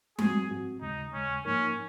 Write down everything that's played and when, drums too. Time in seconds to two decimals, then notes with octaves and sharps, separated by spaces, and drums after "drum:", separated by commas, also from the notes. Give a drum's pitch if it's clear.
0.18 G#2 F3 G#3 C4 F#4 G#4, drum: tom G3
0.51 G#2 F3 G#3 C4 F#4
0.81 D#2 C#3 G#3 D#4
1.13 D#2 C#3 G#3 C#4
1.45 G#2 F3 A#3 C#4 D#4 A#4